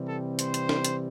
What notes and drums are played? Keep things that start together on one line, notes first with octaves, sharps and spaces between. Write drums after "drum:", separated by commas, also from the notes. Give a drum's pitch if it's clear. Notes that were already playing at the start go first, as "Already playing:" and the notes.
Already playing: C3 E3 G3 C4
A4
C5, drum: hi-hat
drum: hi-hat
drum: snare
drum: hi-hat